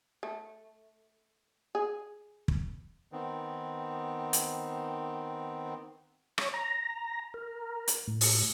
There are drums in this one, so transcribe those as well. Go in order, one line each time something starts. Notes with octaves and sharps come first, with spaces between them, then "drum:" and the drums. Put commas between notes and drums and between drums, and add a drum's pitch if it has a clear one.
A3
G#4
drum: kick
D#3 B3 C4
drum: hi-hat
C#5, drum: rim click
A#5
A#4
drum: hi-hat
A2
drum: open hi-hat